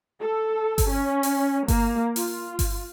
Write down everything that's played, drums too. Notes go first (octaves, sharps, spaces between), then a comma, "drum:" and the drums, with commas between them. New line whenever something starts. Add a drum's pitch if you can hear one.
A4
drum: kick G1, open hi-hat
C#4
drum: open hi-hat
A#3, drum: kick G1, open hi-hat
F4, drum: open hi-hat
drum: kick G1, open hi-hat